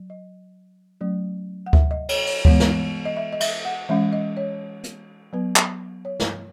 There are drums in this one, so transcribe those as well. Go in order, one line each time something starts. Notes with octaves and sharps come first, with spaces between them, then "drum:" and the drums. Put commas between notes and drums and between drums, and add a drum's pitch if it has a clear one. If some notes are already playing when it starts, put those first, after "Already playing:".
Already playing: F#3
D#5
F#3 A3 C#4
F#5
E5, drum: kick D2
D#5
C#5, drum: cymbal
C#5, drum: open hi-hat
E3 G#3 B3 C#5, drum: kick D2
drum: snare
D#5
E5
D#5
E5, drum: cymbal
F#5
E3 G#3 C#4 E5
D#5
C#5
drum: hi-hat
F#3 B3 B4
drum: clap
C#5
drum: snare